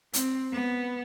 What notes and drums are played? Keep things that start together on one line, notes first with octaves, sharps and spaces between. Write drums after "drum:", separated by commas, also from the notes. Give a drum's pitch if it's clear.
C4, drum: hi-hat
B3